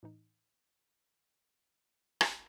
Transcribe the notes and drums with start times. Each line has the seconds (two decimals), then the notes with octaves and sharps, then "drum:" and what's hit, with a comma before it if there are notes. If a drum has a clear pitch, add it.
0.03 A2 E3 D#4
2.21 drum: rim click